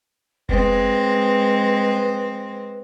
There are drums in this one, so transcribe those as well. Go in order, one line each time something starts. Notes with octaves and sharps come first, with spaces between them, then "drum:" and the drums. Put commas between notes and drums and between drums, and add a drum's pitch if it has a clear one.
G#3 C4 B4, drum: kick F1